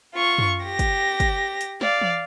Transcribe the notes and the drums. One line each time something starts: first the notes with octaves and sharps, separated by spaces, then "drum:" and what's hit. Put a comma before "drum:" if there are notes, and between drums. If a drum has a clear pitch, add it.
F4 C#6
drum: tom F#2
G4 A#6
drum: kick, hi-hat
drum: kick, hi-hat
drum: hi-hat
D5 F5, drum: snare
drum: tom E3